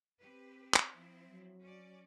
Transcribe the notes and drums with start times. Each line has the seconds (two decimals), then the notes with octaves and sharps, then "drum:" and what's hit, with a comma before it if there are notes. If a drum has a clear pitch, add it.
0.19 C4 G4 B4
0.74 drum: clap
0.94 F3 C4 E4
1.26 F#3
1.62 C#4 D5